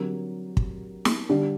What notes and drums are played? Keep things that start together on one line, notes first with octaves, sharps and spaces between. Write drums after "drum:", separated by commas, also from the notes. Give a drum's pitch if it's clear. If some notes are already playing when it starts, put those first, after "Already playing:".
Already playing: D3 F#3 C4 G4 A#4
drum: kick
drum: snare
D3 G3 D4